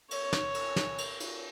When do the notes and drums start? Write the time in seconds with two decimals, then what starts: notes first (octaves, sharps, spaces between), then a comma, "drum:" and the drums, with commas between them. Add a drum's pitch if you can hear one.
0.11 C#5, drum: cymbal
0.33 drum: snare
0.55 drum: cymbal
0.76 drum: snare
0.98 drum: cymbal
1.20 drum: cymbal